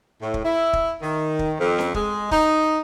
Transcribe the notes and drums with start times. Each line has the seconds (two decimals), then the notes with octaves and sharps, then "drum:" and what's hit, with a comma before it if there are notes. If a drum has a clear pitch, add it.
0.21 A2
0.34 drum: kick
0.44 E4
0.73 drum: kick
1.02 D#3
1.39 drum: kick
1.59 F2
1.79 drum: snare C#4
1.94 G#3, drum: kick
2.31 D#4, drum: kick